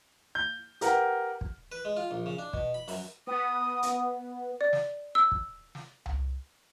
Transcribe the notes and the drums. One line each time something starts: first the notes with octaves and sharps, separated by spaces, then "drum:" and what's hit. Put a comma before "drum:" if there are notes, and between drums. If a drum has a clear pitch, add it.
G6
G4 A#4 B4 F#5 G5, drum: hi-hat
drum: kick
B4
G#3
F4
A#1
C#3
D4
B2, drum: kick
B5
F#2, drum: open hi-hat
B3 D#6
drum: hi-hat
D5
drum: snare
E6
drum: kick
drum: snare
drum: tom C2